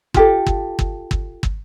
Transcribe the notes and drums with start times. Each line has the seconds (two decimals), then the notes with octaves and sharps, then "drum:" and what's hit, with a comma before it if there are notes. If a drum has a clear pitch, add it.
0.14 F4 G4 A4, drum: kick
0.47 drum: kick
0.79 drum: kick
1.11 drum: kick
1.43 drum: kick